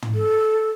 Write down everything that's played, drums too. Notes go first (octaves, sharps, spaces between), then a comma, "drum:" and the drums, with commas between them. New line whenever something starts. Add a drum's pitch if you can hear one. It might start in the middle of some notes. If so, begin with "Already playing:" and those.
drum: tom
A4